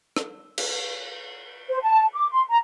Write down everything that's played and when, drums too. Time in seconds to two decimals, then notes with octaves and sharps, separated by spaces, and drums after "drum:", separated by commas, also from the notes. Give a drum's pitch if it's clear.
0.17 drum: rim click
0.58 drum: cymbal
1.69 C5
1.82 A5
2.13 D6
2.30 C6
2.48 A#5